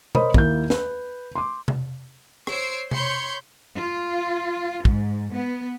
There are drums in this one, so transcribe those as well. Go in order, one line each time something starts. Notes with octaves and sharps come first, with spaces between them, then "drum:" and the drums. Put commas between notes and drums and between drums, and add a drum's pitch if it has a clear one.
A#4 C5 C#5 D#5 B5, drum: tom B2
D#2 A#3 E4 G6, drum: kick
B4, drum: snare
C6 D6
drum: tom C3
C5 C#5 E6 C7 D7, drum: rim click
C#5 B5 C6 G6 C#7, drum: tom C3
F4
G#2, drum: kick
B3